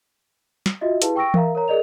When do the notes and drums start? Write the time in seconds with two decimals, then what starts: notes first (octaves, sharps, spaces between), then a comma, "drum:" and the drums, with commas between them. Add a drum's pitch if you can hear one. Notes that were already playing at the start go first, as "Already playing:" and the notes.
0.66 drum: snare
0.81 F4 F#4 D#5 E5
1.02 E4 G4 G#4 B4 F5 A5, drum: hi-hat
1.16 G5 C#6 E6 A#6 D7
1.34 A#4 E5 F5 A#5, drum: tom E3
1.55 A#4 C#5 A#5
1.68 G#4 A#4 D5 D#5 F7